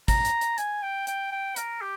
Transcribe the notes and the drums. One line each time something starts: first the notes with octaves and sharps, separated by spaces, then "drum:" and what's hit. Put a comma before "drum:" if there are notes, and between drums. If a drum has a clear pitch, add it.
A#5, drum: kick, hi-hat
drum: hi-hat
drum: hi-hat
G#5, drum: hi-hat
G5
G5, drum: hi-hat
G5
A#4, drum: hi-hat
G4